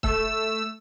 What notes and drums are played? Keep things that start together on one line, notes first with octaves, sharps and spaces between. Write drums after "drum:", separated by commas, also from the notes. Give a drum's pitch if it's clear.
A3 E6, drum: kick C#1